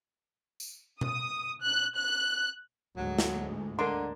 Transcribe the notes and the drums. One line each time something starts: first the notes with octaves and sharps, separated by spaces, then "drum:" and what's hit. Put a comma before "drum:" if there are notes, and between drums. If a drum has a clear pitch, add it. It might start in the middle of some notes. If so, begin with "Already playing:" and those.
drum: tambourine
D#6, drum: tom B2
F#6
F#6
D2 G#2 F#3 G#3
drum: snare
D3 A#3 D4 A#4 D#5 C6